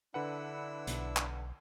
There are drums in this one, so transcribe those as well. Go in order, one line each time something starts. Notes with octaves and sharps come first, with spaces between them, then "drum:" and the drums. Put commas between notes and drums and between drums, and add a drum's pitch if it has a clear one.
D3 D4 E4 B4 F#5 E6
B1, drum: hi-hat
drum: clap